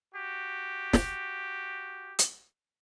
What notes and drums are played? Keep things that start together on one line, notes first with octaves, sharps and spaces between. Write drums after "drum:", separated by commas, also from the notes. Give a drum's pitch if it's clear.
F#4 G4
drum: snare
drum: hi-hat